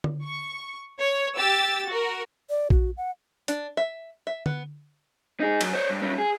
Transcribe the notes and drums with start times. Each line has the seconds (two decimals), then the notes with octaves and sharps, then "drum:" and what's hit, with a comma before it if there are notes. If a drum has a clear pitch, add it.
0.04 drum: tom D3
0.25 C#6
1.00 C#5
1.36 G4 E6 A6
1.90 F#4 A#4
2.50 D5
2.70 F#4, drum: kick A#1
2.97 F#5
3.48 D4, drum: hi-hat
3.77 E5
4.27 E5
4.46 B3, drum: tom D3
5.40 D#4 G#4
5.61 F#2, drum: cymbal
5.73 C5 C#5
5.89 G2
6.02 G3 C#4
6.18 G#4